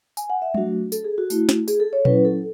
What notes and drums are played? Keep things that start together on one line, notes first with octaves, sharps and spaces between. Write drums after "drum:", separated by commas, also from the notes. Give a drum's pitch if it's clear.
G#5, drum: tambourine
F#5
E5
F#3 A3 D4 F#4, drum: tom G3
A4, drum: tambourine
G#4
F#4
A3 E4, drum: tambourine
drum: snare
G#4, drum: tambourine
A4
C#5
F#3 C#4 E4 B4, drum: tom A#2
A4